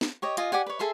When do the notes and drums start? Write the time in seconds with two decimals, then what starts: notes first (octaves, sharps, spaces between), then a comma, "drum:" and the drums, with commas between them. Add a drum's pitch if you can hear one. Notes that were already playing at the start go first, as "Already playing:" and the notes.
0.01 drum: snare
0.22 G4 C#5 D#5
0.37 F4 D#5 G#5, drum: hi-hat
0.52 G4 D5 F#5 G#5
0.66 B4 C#5
0.79 G#4 A4 E5 C6